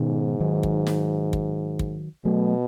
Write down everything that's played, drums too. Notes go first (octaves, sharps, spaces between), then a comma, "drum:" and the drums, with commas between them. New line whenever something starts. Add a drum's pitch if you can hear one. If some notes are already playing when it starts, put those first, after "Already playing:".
Already playing: G#2 B2 D#3
D#3 F#3
drum: kick
drum: snare
drum: kick
drum: kick
B2 F#3 A3